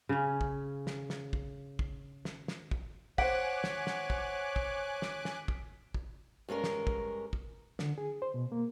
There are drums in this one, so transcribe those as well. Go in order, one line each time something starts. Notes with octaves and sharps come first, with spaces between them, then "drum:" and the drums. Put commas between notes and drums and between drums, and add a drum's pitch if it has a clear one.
C#3 C#4
drum: kick
drum: snare
drum: snare
drum: kick
drum: kick
drum: snare
drum: snare
drum: kick
C5 C#5 F#5 G#5 D6 F#6 B6 D7, drum: kick
drum: snare
drum: snare
drum: kick
drum: kick
drum: snare
drum: snare
drum: kick
drum: kick
G2 G#3 C#4 A#4
drum: snare
drum: kick
drum: kick
D3, drum: snare
G#4
C5
B2
A#3